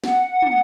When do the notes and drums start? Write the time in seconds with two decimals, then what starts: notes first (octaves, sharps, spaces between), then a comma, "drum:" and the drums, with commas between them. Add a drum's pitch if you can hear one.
0.04 F#5, drum: snare
0.29 F#5
0.42 drum: tom